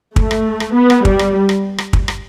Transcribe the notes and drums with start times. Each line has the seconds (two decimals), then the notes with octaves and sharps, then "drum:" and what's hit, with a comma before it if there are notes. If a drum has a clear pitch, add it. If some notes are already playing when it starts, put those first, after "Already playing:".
0.16 A3, drum: kick
0.31 drum: rim click
0.60 drum: rim click
0.75 B3
0.90 drum: rim click
1.05 G3, drum: kick
1.19 drum: rim click
1.49 drum: rim click
1.78 drum: rim click
1.93 drum: kick
2.08 drum: rim click